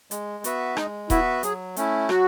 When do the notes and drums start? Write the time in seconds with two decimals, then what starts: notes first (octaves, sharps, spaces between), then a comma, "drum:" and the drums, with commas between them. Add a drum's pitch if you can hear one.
0.11 G#3, drum: hi-hat
0.44 B3 F#4 B4 E5, drum: hi-hat
0.77 G#3 D#4, drum: rim click
1.10 B3 E4 F#4 B4 E5, drum: kick D#1, hi-hat
1.43 F#3 G#4, drum: hi-hat
1.76 A3 C#4 E4, drum: hi-hat
2.09 F#3 F#4, drum: rim click